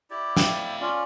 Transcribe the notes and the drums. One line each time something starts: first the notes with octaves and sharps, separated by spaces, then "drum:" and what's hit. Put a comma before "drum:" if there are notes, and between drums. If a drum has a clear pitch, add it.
E4 G4 D5
A2 A4 F5 G5, drum: snare
C#4 F4 D5